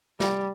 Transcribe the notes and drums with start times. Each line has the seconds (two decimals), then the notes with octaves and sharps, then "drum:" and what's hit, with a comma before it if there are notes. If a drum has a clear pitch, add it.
0.20 G3, drum: snare